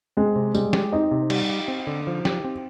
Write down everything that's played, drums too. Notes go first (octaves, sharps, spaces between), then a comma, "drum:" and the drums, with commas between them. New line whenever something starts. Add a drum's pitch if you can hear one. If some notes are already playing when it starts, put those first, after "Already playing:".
G#3 C4
C3
G3 G#3, drum: tambourine
G4, drum: snare
C4 D#4
C3
G3, drum: cymbal
G4
C4
D3
F3
G4, drum: snare
C4